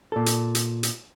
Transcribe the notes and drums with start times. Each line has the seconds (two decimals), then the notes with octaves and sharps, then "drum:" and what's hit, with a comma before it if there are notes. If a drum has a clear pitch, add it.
0.12 A#2 A4
0.26 drum: hi-hat
0.55 drum: hi-hat
0.83 drum: hi-hat